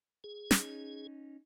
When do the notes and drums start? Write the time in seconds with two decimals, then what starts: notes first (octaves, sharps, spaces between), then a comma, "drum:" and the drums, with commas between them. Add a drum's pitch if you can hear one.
0.24 G#4
0.51 C#4 D#4, drum: snare